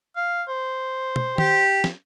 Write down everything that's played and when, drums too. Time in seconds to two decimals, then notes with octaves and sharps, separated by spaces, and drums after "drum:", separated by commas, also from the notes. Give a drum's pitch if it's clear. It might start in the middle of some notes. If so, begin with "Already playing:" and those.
0.16 F5
0.48 C5
1.16 drum: tom
1.38 G4, drum: tom D#3
1.84 drum: snare